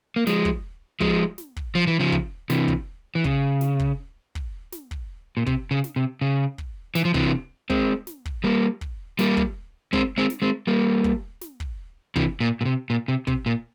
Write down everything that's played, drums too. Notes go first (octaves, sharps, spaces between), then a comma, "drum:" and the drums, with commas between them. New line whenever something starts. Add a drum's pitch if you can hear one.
A#3
F3 G#3, drum: snare
drum: kick
F3 G#3, drum: kick
drum: snare
drum: kick
F3
E3
C#3 F3
drum: kick
C3 E3, drum: snare
drum: kick
E3
C#3, drum: kick
drum: snare
drum: kick
drum: kick
drum: snare
drum: kick
A#2
C3, drum: kick
C#3
drum: snare
C3
C#3
drum: kick
E3, drum: snare
F3
C3 E3, drum: kick
G#3 C4, drum: kick
drum: snare
drum: kick
G3 A#3
drum: kick
G3 A#3, drum: snare
drum: kick
G#3 C4, drum: kick
G#3 C4
drum: snare
G#3 C4
G3 A#3
drum: kick
drum: snare
drum: kick
C3 E3, drum: kick
A#2
A#2
C3
A#2
C3
C3, drum: kick
A#2